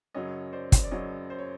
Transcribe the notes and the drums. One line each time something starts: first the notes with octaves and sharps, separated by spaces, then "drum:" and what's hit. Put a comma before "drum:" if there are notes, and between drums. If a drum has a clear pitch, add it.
F#2 C#3 F#3 C#5 D#5
C5 D5
drum: kick, hi-hat
D5
F#2 C#3 F#3 C#5 D#5
C5
C#5